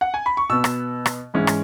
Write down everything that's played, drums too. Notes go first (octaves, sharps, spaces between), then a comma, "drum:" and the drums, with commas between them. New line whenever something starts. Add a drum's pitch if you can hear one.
F#5
G#5
B5
C#6
B2 B3 E6
drum: rim click
drum: rim click
G#2 E3 G#3 C#4
drum: rim click